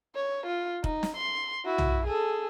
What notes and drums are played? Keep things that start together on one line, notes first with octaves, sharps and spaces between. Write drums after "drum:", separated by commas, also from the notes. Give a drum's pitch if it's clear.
C#5
F4
D#4, drum: kick
drum: snare
C6
E4 F#4
drum: tom B1
G#4 A4